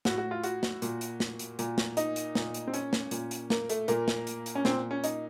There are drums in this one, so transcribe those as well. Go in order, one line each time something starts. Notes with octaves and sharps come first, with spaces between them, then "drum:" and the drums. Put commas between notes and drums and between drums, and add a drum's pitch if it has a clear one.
A2 F#4, drum: snare
F#4
F4
F#4, drum: hi-hat
drum: snare
A#2, drum: hi-hat
drum: hi-hat
drum: snare
drum: hi-hat
A#2, drum: hi-hat
drum: snare
D#4, drum: hi-hat
drum: hi-hat
A#2, drum: snare
drum: hi-hat
C4
C#4, drum: hi-hat
drum: snare
A#2, drum: hi-hat
drum: hi-hat
A#3, drum: snare
A3, drum: hi-hat
A#2 A#3, drum: hi-hat
drum: snare
drum: hi-hat
drum: hi-hat
C#4
A#2 C4, drum: snare
C#4
D#4, drum: hi-hat